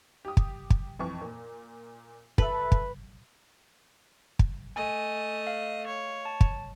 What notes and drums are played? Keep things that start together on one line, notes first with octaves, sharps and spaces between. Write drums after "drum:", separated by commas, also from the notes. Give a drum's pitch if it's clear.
G4 D#6
drum: kick
drum: kick
F2 E3 C#6
A#2
A4 B4 E5, drum: kick
drum: kick
drum: kick
A3 D#5 G#5
F5
C#5
A5
drum: kick